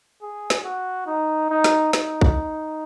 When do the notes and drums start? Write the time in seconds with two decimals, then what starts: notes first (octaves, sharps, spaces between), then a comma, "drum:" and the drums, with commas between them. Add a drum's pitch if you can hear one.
0.22 G#4
0.50 drum: snare
0.64 F#4
1.07 D#4
1.50 D#4
1.64 drum: snare
1.93 D#4, drum: snare
2.21 drum: kick